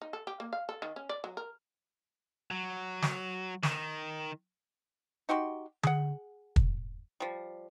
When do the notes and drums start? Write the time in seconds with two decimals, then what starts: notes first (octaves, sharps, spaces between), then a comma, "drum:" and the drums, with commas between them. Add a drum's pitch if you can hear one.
0.02 D#4
0.13 A4
0.27 G4
0.40 A#3
0.53 F5
0.69 A4
0.82 D#3
0.96 C#4
1.09 D5
1.24 F#3
1.37 A#4
2.51 F#3
3.02 drum: snare
3.63 D#3, drum: snare
5.29 D#4 F#4 G4 C6
5.83 G#4 F#5, drum: tom D3
6.56 drum: kick
7.20 F3 G3